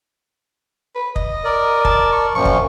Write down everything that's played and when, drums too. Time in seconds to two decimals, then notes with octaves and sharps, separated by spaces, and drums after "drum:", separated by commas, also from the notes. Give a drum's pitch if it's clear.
0.95 B4
1.16 D#5, drum: kick
1.44 A#4 D5
1.85 A5, drum: kick
2.12 C#6
2.35 F#2 A#2 F3 C#6
2.45 drum: kick